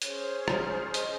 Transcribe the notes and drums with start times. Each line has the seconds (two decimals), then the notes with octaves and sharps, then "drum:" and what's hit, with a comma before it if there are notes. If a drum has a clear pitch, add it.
0.02 C#4 G#4 C5 C#5, drum: hi-hat
0.48 drum: rim click
0.90 C#5
0.94 D#5, drum: hi-hat